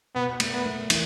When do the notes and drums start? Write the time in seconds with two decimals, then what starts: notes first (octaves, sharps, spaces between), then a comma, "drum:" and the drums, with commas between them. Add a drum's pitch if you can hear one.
0.15 B2 B3
0.40 A3, drum: cymbal
0.52 B3
0.65 A3
0.90 E3, drum: cymbal